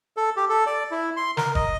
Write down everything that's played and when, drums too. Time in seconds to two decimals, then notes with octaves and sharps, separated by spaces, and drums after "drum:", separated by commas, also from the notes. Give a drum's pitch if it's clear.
0.17 A4
0.37 G4
0.49 A4
0.66 D5
0.91 E4
1.17 C6
1.37 A#4, drum: snare
1.55 D#5, drum: kick